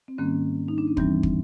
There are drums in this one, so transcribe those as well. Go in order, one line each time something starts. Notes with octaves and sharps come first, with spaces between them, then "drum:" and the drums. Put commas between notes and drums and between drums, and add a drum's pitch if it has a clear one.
C4
G#2 D#3 G3 A#3 C#4
D#4
D4
C#4
G2 E3 G3 C4, drum: kick
drum: kick